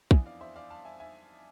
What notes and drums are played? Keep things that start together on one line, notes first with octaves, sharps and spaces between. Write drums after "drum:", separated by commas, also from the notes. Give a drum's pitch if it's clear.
F2 E3 B3 D4 E5 G#5, drum: kick
D5 F5
C5 E5
D5 F5
F5 A5
E5 G#5
E5 G#5